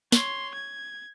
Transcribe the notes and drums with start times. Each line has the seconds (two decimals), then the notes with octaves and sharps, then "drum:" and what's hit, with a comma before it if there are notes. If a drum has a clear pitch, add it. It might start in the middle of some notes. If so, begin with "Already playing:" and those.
0.12 C#5 C6, drum: snare
0.54 G#6